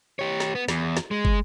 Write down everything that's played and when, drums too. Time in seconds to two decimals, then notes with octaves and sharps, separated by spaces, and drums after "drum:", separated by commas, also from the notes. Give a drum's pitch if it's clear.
0.19 G4 C#5
0.40 drum: snare
0.55 B3
0.68 E2, drum: snare
0.97 drum: snare
1.11 G#3
1.25 drum: kick